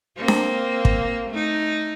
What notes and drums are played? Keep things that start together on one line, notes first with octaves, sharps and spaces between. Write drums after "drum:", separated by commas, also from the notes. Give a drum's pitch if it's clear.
A#3 C4
drum: snare D4
drum: kick
A3 D#4